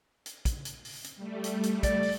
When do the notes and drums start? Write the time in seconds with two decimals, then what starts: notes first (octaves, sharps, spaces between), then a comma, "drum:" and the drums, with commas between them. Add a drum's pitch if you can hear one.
0.26 drum: hi-hat
0.45 drum: kick, hi-hat
0.65 drum: hi-hat
0.85 drum: open hi-hat
1.04 drum: hi-hat
1.16 G3 A3
1.44 drum: hi-hat
1.63 drum: hi-hat
1.83 D5, drum: kick, hi-hat
2.03 drum: open hi-hat